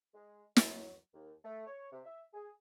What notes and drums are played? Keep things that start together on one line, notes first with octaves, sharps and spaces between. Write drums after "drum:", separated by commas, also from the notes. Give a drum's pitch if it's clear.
G#3
F#3, drum: snare
D#2
A3
C#5
C3
E5
G#4